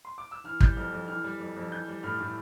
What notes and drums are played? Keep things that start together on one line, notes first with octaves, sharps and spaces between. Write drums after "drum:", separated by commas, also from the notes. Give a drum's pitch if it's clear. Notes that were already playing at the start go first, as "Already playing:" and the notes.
C6
D6
E6
E3 F6
G3 G6, drum: kick
F2 F6
F2
E3 F6
G3
F2
F2
E3 G6
G3
A2 F6
A2